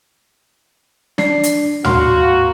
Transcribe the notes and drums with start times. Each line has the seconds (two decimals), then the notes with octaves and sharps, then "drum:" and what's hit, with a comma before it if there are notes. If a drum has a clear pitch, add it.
1.18 D4 D5 C7, drum: snare
1.43 drum: hi-hat
1.85 A#3 F#4 C6 F6, drum: tom